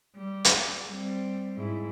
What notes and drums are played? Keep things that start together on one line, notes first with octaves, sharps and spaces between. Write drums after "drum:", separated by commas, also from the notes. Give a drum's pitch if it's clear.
G3
drum: hi-hat
G3 C4
G#2 E4